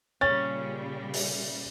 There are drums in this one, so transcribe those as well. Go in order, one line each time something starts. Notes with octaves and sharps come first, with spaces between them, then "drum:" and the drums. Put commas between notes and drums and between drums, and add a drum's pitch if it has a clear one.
A#2 C#3 G3 C#4 A6
drum: open hi-hat